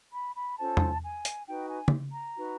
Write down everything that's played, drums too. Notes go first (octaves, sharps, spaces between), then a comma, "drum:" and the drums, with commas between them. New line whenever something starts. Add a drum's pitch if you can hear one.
B5
B5
C#4 F4 A4 C5 A5
drum: tom E2
G#5
drum: hi-hat
D#4 F#4 B4 G5
G#5
drum: tom
A#5
D#4 F#4 B4